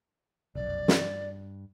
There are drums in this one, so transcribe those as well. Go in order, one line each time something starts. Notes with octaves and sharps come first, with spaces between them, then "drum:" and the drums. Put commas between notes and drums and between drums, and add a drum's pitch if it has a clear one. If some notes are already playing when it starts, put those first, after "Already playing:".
F1 B1 F#2 D5
G2, drum: snare